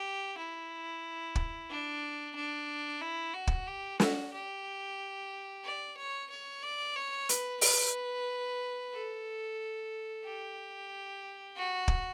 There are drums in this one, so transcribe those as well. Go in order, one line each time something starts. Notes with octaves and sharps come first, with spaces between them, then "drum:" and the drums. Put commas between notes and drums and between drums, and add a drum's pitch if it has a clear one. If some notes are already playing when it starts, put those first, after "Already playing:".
Already playing: G4
E4
drum: kick
D4
D4
E4
F#4
drum: kick
G4
F#4, drum: snare
G4
D5
C#5
C#5
D5
C#5
B4, drum: hi-hat
B4, drum: open hi-hat
A4
G4
F#4
drum: kick